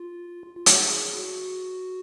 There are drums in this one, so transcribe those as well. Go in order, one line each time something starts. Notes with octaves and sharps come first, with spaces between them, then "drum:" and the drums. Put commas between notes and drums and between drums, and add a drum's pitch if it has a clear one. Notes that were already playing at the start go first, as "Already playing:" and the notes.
Already playing: F4
F4
F#4, drum: hi-hat
G#4
F#4